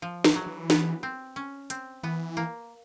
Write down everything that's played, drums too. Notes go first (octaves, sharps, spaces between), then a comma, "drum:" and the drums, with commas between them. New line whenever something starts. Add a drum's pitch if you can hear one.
F3
E3, drum: snare
F#3
E3
B3, drum: snare
C4
C#4
C4, drum: hi-hat
E3 B3
A#3